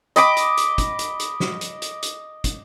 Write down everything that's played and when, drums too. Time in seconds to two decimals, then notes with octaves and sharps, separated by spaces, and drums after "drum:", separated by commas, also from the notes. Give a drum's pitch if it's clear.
0.16 D#5 B5 D6, drum: hi-hat
0.37 drum: hi-hat
0.57 drum: hi-hat
0.78 drum: kick, hi-hat
0.99 drum: hi-hat
1.20 drum: hi-hat
1.40 drum: snare
1.61 drum: hi-hat
1.82 drum: hi-hat
2.03 drum: hi-hat
2.44 drum: kick, hi-hat